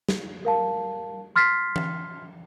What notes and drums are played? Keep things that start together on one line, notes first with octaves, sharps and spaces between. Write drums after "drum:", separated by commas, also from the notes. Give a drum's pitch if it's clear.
drum: snare
A#4 F5 A5
C6 F6 A6 B6 C7
drum: tom E3